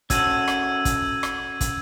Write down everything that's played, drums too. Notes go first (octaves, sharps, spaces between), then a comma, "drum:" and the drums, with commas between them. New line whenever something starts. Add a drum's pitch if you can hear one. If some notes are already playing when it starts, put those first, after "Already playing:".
C#4 F#4 A4 E6 G#6 D#7, drum: kick, hi-hat
drum: rim click
drum: kick, hi-hat
drum: rim click
drum: kick, hi-hat